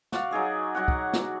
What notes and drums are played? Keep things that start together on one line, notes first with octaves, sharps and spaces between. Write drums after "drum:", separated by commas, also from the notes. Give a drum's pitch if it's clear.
F#4 D5 F5, drum: snare
F#3 D#4 G#4 D5
F#3 F#4 F#5
drum: kick
drum: snare